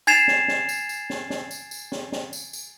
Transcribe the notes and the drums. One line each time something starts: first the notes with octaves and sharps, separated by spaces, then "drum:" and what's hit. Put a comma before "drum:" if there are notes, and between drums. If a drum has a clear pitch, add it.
G#5 G#6 A6 C7 E7 F7, drum: tambourine
drum: snare
drum: snare
drum: tambourine
drum: tambourine
drum: snare
drum: snare
drum: tambourine
drum: tambourine
drum: snare
drum: snare
drum: tambourine
drum: tambourine